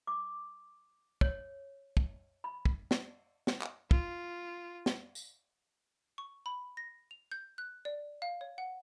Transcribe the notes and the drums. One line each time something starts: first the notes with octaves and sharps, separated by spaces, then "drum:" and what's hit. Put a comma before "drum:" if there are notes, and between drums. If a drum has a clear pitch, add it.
D6
C#5, drum: kick
drum: kick
B5
drum: kick
drum: snare
drum: snare
drum: clap
F4, drum: kick
drum: snare
drum: tambourine
C#6
B5
A#6
F7
G6
F#6
D5
F5
C#5
F#5